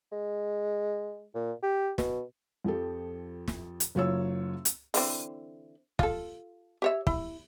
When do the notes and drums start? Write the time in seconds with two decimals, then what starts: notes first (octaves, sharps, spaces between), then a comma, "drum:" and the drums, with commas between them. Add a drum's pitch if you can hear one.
0.12 G#3
1.35 A#2
1.63 G4
1.98 B2, drum: snare
2.65 F2 F3 G4 A4
3.48 drum: snare
3.80 drum: hi-hat
3.95 F#1 F#3 F4 C#5 E6
4.65 drum: hi-hat
4.94 D3 E3 C4, drum: open hi-hat
5.99 F4 A4, drum: kick
6.82 G4 C#5 E5
7.07 E4, drum: kick